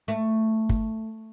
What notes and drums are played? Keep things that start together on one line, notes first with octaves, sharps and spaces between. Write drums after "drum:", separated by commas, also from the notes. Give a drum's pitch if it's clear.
A3
drum: kick